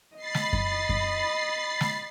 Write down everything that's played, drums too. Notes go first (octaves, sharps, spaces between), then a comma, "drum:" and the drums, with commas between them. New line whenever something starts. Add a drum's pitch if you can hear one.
D#5 B5 A6 C7
drum: snare
drum: kick F#2
drum: kick F#2
drum: snare